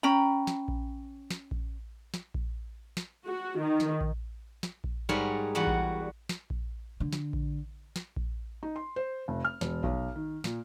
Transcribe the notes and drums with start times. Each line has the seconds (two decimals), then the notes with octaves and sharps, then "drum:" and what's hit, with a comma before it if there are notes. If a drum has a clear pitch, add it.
0.03 C#4 G5 A#5 B5
0.47 drum: snare
0.68 drum: kick A#1
1.31 drum: snare
1.51 drum: kick A#1
2.14 drum: snare
2.34 drum: kick A#1
2.97 drum: snare
3.26 F#4
3.59 D#3
3.80 drum: snare
4.01 drum: kick A#1
4.63 drum: snare
4.84 drum: kick A#1
5.09 G#2 G3 G#4 A#4 C#5 F#5
5.55 E2 G3 F#4 F#5
5.67 drum: kick A#1
6.29 drum: snare
6.50 drum: kick A#1
7.00 D3
7.13 drum: snare
7.33 drum: kick A#1
7.96 drum: snare
8.16 drum: kick A#1
8.63 D#4
8.76 C6
8.96 C5
9.28 F1
9.45 F6
9.61 E1, drum: snare
9.83 B1, drum: kick A#1
10.16 D#3
10.44 A#2, drum: snare